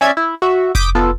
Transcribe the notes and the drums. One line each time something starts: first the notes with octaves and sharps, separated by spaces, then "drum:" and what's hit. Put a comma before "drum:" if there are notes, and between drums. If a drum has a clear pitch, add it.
C#4 D5 E5 G#6
E4
F#4 E5
D6 D#6 G6 B6 D7, drum: kick F1
B3 F4 A4